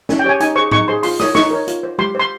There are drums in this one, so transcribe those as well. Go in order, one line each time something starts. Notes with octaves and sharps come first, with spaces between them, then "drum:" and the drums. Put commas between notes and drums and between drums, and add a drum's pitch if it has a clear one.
C#4, drum: snare
G5
G4 C#5 G#5
D#4 G#5, drum: hi-hat
G#4 C5 C#6
D#4 C#6, drum: tom
G#4 C5 C6
F4 C6, drum: open hi-hat
A#4 C#5 D#6, drum: snare
D#4 C#6, drum: snare
A#4 C#5
F4, drum: hi-hat
C5
G4 C6, drum: tom G#3
C5 C6